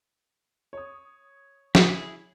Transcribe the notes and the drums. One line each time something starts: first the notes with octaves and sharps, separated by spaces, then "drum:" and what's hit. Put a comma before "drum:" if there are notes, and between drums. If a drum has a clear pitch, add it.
C#5 D#6
E4 G#4, drum: snare